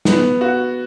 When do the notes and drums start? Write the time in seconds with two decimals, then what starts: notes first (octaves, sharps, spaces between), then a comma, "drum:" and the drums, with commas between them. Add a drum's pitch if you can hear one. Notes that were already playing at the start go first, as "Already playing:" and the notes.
0.05 B3, drum: snare
0.41 F#4